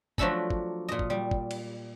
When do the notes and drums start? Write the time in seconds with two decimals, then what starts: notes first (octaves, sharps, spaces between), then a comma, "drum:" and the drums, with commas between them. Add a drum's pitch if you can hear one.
0.18 F3 F#3 A3 D4 A4 B5, drum: kick
0.50 drum: kick
0.88 A#2 D#5
0.99 drum: kick
1.10 G3
1.31 drum: kick
1.51 drum: cymbal